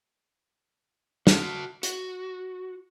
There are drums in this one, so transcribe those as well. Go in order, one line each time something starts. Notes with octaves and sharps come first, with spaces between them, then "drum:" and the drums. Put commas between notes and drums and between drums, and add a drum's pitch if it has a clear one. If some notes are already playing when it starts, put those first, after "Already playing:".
F#4 A5, drum: snare
F#4, drum: hi-hat